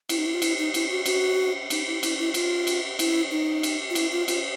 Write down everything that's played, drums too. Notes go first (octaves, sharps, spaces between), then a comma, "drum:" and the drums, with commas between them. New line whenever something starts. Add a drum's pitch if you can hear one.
E4, drum: cymbal
D#4
E4
F4
E4, drum: cymbal
D#4
E4, drum: cymbal
F#4
F#4, drum: cymbal
D#4, drum: cymbal
E4
E4, drum: cymbal
E4
F4, drum: cymbal
drum: cymbal
E4, drum: cymbal
D#4
drum: cymbal
F4
E4, drum: cymbal
F4
F4, drum: cymbal